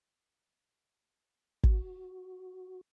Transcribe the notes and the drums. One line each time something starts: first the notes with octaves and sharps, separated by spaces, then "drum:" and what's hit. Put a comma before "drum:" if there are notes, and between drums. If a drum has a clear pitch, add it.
F#4, drum: kick